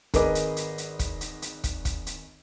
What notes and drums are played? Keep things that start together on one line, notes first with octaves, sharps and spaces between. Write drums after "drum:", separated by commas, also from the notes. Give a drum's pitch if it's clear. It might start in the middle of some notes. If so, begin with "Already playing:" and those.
G#1 G#4 A#4 B4 D#5 D6, drum: kick, hi-hat
drum: hi-hat
drum: hi-hat
drum: hi-hat
drum: kick, hi-hat
drum: hi-hat
drum: hi-hat
drum: kick, hi-hat
drum: kick, hi-hat
drum: hi-hat